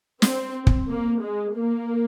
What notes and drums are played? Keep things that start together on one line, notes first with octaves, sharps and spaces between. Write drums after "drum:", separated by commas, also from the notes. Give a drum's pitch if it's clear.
C4, drum: snare
drum: kick
A#3
G#3
A#3